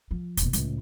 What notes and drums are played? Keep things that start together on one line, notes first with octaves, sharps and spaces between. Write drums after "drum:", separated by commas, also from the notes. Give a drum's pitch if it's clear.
F3
E1 A#2, drum: hi-hat
C#2 A2, drum: hi-hat